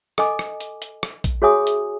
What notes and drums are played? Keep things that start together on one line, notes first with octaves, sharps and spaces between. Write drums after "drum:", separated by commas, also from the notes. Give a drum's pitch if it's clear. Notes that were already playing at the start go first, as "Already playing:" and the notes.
A4 D#5 G#5 D6, drum: rim click
drum: rim click
drum: hi-hat
drum: hi-hat
drum: rim click
drum: kick, hi-hat
F#4 G#4 C#5 E5 G#5 D#6
drum: hi-hat